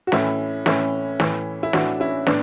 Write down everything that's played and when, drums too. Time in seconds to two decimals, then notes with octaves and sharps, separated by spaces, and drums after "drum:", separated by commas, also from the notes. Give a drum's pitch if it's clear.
0.07 F#4
0.12 A2 E3 C#4 E4, drum: snare
0.66 A2 E3 C#4 E4, drum: snare
1.20 A2 E3, drum: snare
1.63 E4
1.73 A2 E3 D4 F#4, drum: snare
2.00 C#4 E4
2.27 A2 B3 D4, drum: snare